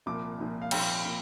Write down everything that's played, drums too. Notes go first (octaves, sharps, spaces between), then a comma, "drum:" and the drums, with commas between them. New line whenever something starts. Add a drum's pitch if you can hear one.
C2 A#2 F3 D6
C2 A#2 F3
F5
C2 A#2 F3 G5, drum: cymbal
A#2